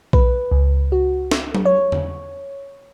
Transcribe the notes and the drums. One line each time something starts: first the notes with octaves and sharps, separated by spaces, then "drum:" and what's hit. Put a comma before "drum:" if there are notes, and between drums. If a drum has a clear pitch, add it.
B4, drum: kick B1
C#2
F#4
drum: snare
drum: tom F#3
C#5
drum: tom E2